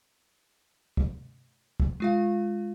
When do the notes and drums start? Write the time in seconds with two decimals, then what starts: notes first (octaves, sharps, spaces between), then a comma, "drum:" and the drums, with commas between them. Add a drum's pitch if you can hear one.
0.97 drum: kick
1.80 drum: kick
2.00 G#3 F4 F5